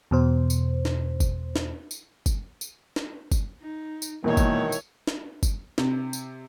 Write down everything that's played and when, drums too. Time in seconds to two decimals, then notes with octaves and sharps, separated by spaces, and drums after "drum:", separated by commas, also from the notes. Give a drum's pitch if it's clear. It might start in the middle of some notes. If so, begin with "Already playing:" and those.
0.11 E2 B2 C5
0.50 drum: tambourine
0.85 drum: snare
1.20 drum: kick, tambourine
1.56 drum: snare
1.91 drum: tambourine
2.26 drum: kick, tambourine
2.61 drum: tambourine
2.96 drum: snare
3.32 drum: kick, tambourine
3.61 D#4
4.02 drum: tambourine
4.24 E1 A#1 E2 D#3 A#3 E4 C#5
4.37 drum: kick, tambourine
4.72 drum: tambourine
5.07 drum: snare
5.43 drum: kick, tambourine
5.78 C3, drum: snare
6.13 drum: tambourine